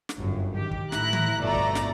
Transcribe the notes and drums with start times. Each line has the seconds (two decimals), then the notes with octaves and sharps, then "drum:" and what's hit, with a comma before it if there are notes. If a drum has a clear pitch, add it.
0.09 drum: snare
0.18 G1 F#2
0.56 D#3 G4
0.71 drum: kick
0.92 A2 E4 A#5 F#6, drum: snare
1.13 drum: tom
1.41 G1 B2 A3 D5 A#5
1.54 drum: kick
1.75 drum: snare